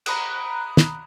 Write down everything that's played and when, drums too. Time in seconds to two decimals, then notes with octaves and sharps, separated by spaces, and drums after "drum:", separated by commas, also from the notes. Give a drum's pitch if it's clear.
0.06 A#5 B5 D#6 F#6, drum: cymbal
0.77 drum: snare